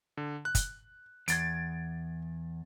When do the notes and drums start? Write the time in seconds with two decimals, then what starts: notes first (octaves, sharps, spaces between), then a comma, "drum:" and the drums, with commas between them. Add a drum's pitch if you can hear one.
0.17 D3
0.45 F#6
0.55 drum: kick, hi-hat
1.28 E2 G#6 A6 D7, drum: hi-hat